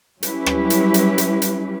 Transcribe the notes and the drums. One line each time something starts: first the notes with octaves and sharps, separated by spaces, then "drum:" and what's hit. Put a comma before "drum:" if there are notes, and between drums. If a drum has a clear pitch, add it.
F#3 G3 C#4 E4 G4 B4, drum: hi-hat
drum: rim click
drum: hi-hat
drum: hi-hat
drum: hi-hat
drum: hi-hat